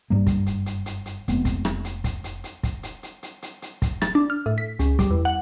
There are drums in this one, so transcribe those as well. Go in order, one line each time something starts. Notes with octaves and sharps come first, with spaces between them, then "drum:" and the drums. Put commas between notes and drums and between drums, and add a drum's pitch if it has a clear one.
F#1 G2 G3 A#3
drum: kick, hi-hat
drum: hi-hat
drum: hi-hat
drum: hi-hat
drum: hi-hat
F1 G#3 B3 C4, drum: hi-hat
drum: kick, hi-hat
drum: rim click
drum: hi-hat
drum: kick, hi-hat
drum: hi-hat
drum: hi-hat
drum: kick, hi-hat
drum: hi-hat
drum: hi-hat
drum: hi-hat
drum: hi-hat
drum: hi-hat
drum: kick, hi-hat
A6, drum: rim click
D4
F6
A2
B6
C#2, drum: hi-hat
G3, drum: kick, hi-hat
E2
F#5